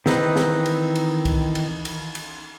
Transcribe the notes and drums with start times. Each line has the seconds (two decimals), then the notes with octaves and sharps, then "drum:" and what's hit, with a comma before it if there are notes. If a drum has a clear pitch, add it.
0.06 D#3 E3 C4 D#4 B4, drum: snare
0.36 drum: snare
0.66 drum: cymbal
0.95 drum: cymbal
1.25 drum: kick, cymbal
1.55 drum: cymbal
1.85 drum: cymbal
2.15 drum: cymbal